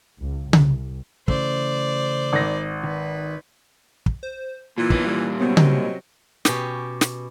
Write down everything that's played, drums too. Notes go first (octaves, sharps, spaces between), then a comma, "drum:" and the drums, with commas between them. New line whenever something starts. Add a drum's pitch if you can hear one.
C#2
C2, drum: tom C#3
C#3 E3 A3 C5 D5, drum: kick
G#1 A#6
D#3 B4
drum: kick
C5
A#2 E3 A#3 F4
B3 D#4, drum: kick
A#2 G3
C3 F#3 B3 C#4
D#5, drum: tom C#3
B2 C#4 G4, drum: snare
drum: snare